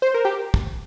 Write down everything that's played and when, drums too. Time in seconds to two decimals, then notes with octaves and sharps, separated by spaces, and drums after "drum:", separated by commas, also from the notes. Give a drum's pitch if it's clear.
0.02 C5
0.14 A#4
0.25 G4
0.54 drum: kick